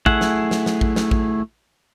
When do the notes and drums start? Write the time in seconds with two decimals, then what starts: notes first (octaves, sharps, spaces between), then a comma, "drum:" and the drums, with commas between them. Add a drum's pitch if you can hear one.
0.06 A3 E4 G#4 F#5, drum: kick A1
0.21 drum: snare
0.51 drum: snare
0.66 drum: snare
0.81 drum: kick A1
0.96 drum: snare
1.11 drum: kick A1